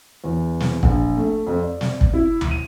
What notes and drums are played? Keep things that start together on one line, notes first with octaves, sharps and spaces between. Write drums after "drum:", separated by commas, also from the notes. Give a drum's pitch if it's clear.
E2
drum: snare
A#1, drum: kick
A3
F2
D5
drum: snare
drum: kick
E4
drum: tom D2
D#7